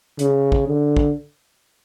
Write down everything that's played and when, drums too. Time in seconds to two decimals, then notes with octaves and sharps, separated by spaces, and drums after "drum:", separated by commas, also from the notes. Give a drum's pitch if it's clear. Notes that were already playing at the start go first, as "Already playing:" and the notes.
0.19 C#3, drum: hi-hat
0.52 drum: kick
0.68 D3
0.97 drum: kick